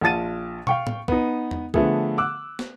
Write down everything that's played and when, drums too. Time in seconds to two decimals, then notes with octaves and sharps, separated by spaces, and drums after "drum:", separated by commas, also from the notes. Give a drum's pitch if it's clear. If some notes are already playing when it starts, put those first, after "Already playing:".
0.01 A#1 F4 A5 A6 D#7
0.67 F5 G5 C#6, drum: tom
0.87 drum: tom A2
1.08 B3 D#4, drum: kick
1.51 drum: tom E2
1.74 D3 F3 A3 B3 G#4, drum: kick
2.18 D6 E6 F#6
2.59 drum: snare